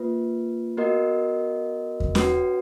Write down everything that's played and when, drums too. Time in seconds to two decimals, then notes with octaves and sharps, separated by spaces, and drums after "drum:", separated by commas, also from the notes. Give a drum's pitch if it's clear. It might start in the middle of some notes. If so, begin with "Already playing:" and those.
Already playing: A#3 F4 B4
0.77 B3 F#4 A#4 D#5
2.00 drum: kick E2
2.15 C#4 F#4 B4, drum: snare C#4